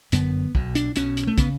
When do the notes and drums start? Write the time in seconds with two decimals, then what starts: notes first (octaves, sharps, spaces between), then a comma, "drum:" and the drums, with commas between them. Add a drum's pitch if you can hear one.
0.12 G1 F#2 D3 B3, drum: hi-hat
0.55 B1 B2, drum: kick
0.75 D4, drum: hi-hat
0.96 B1 B2 C#4, drum: hi-hat
1.17 drum: hi-hat
1.27 A3
1.38 C#3 B3, drum: kick, hi-hat